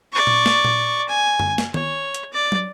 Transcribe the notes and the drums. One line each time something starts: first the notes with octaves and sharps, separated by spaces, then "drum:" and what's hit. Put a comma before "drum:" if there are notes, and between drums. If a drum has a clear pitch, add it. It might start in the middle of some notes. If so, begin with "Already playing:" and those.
D5 C#6
drum: tom A#2
drum: snare
drum: tom A#2
G#5
drum: tom
drum: snare
C#5, drum: tom D#3
drum: hi-hat
D5
drum: tom